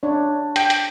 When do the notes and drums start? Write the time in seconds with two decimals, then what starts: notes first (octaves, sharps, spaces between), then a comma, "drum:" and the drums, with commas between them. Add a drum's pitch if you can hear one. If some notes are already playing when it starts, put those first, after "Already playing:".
0.03 D4 C#5
0.56 G5, drum: hi-hat
0.70 drum: hi-hat